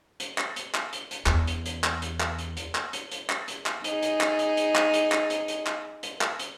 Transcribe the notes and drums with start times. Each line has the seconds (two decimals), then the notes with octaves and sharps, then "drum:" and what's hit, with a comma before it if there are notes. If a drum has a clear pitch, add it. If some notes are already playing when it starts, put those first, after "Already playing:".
0.20 drum: hi-hat
0.38 drum: clap
0.56 drum: hi-hat
0.75 drum: clap
0.93 drum: hi-hat
1.11 drum: hi-hat
1.26 E2, drum: clap
1.47 drum: hi-hat
1.66 drum: hi-hat
1.84 drum: clap
2.02 drum: hi-hat
2.20 drum: clap
2.39 drum: hi-hat
2.57 drum: hi-hat
2.75 drum: clap
2.93 drum: hi-hat
3.11 drum: hi-hat
3.30 drum: clap
3.48 drum: hi-hat
3.66 drum: clap
3.84 D#4 G#4, drum: hi-hat
4.03 drum: hi-hat
4.21 drum: clap
4.39 drum: hi-hat
4.57 drum: hi-hat
4.75 drum: clap
4.94 drum: hi-hat
5.12 drum: clap
5.30 drum: hi-hat
5.48 drum: hi-hat
5.67 drum: clap
6.03 drum: hi-hat
6.21 drum: clap
6.39 drum: hi-hat